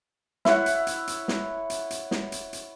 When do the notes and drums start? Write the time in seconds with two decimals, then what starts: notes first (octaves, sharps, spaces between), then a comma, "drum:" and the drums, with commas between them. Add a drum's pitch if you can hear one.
0.45 E4 C#5 F#5, drum: snare
0.66 drum: hi-hat
0.87 drum: hi-hat
1.07 drum: hi-hat
1.28 drum: snare
1.70 drum: hi-hat
1.90 drum: hi-hat
2.11 drum: snare
2.32 drum: hi-hat
2.53 drum: hi-hat